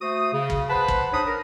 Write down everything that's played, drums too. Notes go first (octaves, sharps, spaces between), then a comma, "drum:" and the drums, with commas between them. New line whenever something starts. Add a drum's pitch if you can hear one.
A3 F#4 C5 D#6
C#3
drum: kick
B4 C5 F#5 A5 B5
drum: kick
D4 D#4 C5 C#5 B5 D#6
A#4